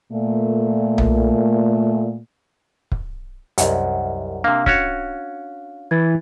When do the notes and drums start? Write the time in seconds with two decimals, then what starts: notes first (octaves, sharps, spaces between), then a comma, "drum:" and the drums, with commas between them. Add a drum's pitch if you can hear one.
0.13 A#2 A3
0.98 drum: tom B1
2.92 drum: kick
3.58 C2 F#2 G4 D#5 F#5, drum: hi-hat
4.44 C3 A#3 D4 F5
4.66 C#4 F#4 C#5, drum: kick
5.91 E3 G#6 A6